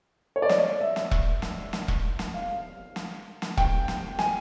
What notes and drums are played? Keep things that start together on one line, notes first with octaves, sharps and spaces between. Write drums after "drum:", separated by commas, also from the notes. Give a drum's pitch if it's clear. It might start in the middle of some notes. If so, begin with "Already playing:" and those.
C#5
D5
D#5, drum: snare
E5
drum: snare
drum: kick E1
drum: snare
drum: snare
drum: kick E1
drum: snare
F5
drum: snare
drum: snare
G5, drum: kick E1
drum: snare
G#5, drum: snare